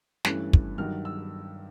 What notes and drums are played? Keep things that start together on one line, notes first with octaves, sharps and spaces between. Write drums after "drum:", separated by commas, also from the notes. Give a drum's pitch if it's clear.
G2 E3 A3 C#4 F#6, drum: snare
drum: kick
G2 D#3 F#3 F6
E6